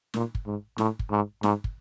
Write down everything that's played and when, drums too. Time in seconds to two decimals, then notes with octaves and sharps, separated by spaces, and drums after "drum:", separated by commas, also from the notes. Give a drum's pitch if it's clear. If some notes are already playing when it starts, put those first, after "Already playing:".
0.14 A#2, drum: snare
0.35 drum: kick
0.46 G#2
0.78 A2, drum: snare
0.99 drum: kick
1.11 G#2
1.43 G#2, drum: snare
1.64 drum: kick